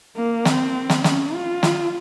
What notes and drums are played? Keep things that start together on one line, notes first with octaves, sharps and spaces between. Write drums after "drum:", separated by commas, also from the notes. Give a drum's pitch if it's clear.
A#3
C4, drum: snare
drum: snare
C#4, drum: snare
F4
drum: snare